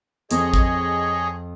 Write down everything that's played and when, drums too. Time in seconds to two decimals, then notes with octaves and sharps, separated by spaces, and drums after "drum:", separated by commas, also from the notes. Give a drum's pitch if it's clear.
0.31 F2 G#4 C#5 D#5, drum: hi-hat
0.54 drum: kick A1